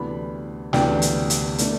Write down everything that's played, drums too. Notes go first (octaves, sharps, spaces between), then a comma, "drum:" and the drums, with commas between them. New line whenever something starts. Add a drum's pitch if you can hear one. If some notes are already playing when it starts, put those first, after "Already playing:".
Already playing: D2 C3 E3 B3 D4 B5
D2 C3 E3 B3 D4 G5, drum: snare
drum: hi-hat
drum: hi-hat
B2 A3 D4, drum: hi-hat